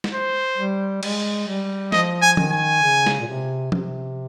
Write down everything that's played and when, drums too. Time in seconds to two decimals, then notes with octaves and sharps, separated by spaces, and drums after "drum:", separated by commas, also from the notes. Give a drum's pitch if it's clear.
0.04 drum: snare
0.13 C5
0.58 G3
1.03 G#3, drum: cymbal
1.47 G3
1.92 F3 D#5, drum: snare
2.22 G#5
2.37 D#3, drum: tom F3
2.52 G#5
2.82 C#3
3.07 drum: snare
3.20 A#2
3.27 C3
3.72 C3, drum: tom F3